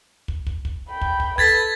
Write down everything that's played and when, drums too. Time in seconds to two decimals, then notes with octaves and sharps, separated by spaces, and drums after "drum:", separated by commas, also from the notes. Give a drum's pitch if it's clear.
0.28 drum: kick
0.47 drum: kick
0.65 drum: kick
0.89 G5 B5
1.01 drum: kick
1.20 drum: kick
1.38 A4 B4 G#6 A6 B6, drum: kick